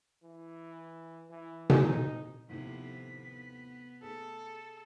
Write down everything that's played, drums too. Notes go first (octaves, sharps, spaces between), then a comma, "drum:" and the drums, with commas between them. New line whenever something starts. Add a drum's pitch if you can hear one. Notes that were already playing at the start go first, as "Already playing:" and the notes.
E3
E3
drum: tom B2
D#4
D#2 A2 C3 F3 B3 B6
B3
A3 G#4 A4